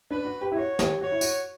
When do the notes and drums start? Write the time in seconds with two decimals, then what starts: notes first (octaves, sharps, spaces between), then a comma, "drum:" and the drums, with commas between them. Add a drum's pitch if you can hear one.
0.11 D4 B4
0.25 F#4
0.41 G4
0.52 E4
0.56 F#4 C#5
0.79 G4, drum: snare
1.01 F#4 C#5
1.12 E4
1.21 F#4, drum: tambourine